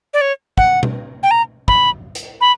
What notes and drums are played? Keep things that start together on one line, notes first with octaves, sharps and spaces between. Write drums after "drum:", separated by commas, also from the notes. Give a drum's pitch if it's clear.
D5
C#5
F#5, drum: kick
drum: tom B2
G5
A#5
B5, drum: kick
drum: hi-hat
B5